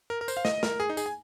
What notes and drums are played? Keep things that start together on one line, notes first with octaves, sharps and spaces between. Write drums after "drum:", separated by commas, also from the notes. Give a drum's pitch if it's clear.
A#4
A#4
C5, drum: tambourine
F5
D#5, drum: snare
A#4, drum: snare
G#4
D#4
G#4, drum: tambourine
G#5